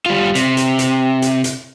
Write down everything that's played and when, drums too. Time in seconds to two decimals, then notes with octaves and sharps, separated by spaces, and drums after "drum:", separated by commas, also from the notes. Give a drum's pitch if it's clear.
0.06 G3 F4
0.35 C3, drum: hi-hat
0.57 drum: hi-hat
0.79 drum: hi-hat
1.22 drum: hi-hat
1.44 drum: hi-hat